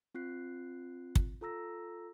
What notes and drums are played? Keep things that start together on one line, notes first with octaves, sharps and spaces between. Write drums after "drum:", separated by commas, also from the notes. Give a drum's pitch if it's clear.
C4 F4 F#6 C7
drum: kick
F4 A4 A#5 E6 A#6